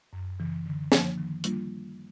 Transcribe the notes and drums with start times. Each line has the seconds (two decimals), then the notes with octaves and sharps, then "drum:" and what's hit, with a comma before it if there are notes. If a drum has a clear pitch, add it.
0.13 F#2
0.39 C#3 E3
0.66 D3
0.92 F3 A#3 D4, drum: snare
1.18 D#3
1.44 G3 A#3 D4 F4, drum: hi-hat